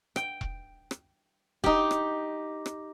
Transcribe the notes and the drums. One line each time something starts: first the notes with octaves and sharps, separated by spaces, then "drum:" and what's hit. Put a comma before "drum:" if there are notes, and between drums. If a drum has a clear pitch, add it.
G5, drum: rim click
drum: kick E1
drum: rim click
D#4 G4, drum: kick E1
drum: rim click
drum: rim click